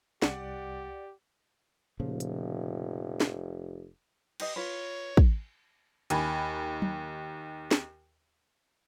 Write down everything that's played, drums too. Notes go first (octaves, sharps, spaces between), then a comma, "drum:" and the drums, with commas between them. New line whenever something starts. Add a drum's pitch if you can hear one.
C2 G4 D5 F#5, drum: snare
F1 A#2 C#3 F3
drum: hi-hat
drum: snare
G4 B4 D#5, drum: cymbal
F4 B4 C#5
drum: kick
D#2 G#5 B5, drum: hi-hat
drum: tom
drum: snare